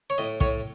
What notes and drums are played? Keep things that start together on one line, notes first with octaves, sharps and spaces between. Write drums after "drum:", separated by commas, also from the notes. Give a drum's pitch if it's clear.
C#5
A2 D#5
A2 C#5, drum: kick